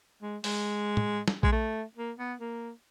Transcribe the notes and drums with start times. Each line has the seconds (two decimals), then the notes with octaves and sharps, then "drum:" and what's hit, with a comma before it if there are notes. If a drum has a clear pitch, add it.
0.22 G#3
0.44 G#3, drum: open hi-hat
0.97 drum: tom
1.28 drum: snare
1.43 G#3, drum: kick A#1
1.52 A3
1.97 A#3
2.19 B3
2.40 A#3